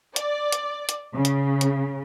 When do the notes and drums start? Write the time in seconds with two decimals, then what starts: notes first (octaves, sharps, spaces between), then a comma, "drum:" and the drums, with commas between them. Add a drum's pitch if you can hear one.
0.16 D5, drum: hi-hat
0.52 drum: hi-hat
0.89 drum: hi-hat
1.14 C#3
1.25 drum: hi-hat
1.61 drum: hi-hat